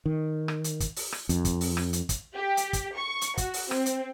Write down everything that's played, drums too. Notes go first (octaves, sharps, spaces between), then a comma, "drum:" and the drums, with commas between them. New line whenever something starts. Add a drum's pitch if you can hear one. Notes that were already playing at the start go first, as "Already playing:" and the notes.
D#3
drum: rim click
drum: hi-hat
drum: kick, hi-hat
drum: open hi-hat
drum: rim click
F2, drum: hi-hat
drum: kick, hi-hat
drum: open hi-hat
drum: rim click
drum: hi-hat
drum: kick, hi-hat
G4
drum: hi-hat
drum: kick, hi-hat
C#6
drum: hi-hat
F#4, drum: kick, hi-hat
drum: open hi-hat
C4, drum: rim click
drum: hi-hat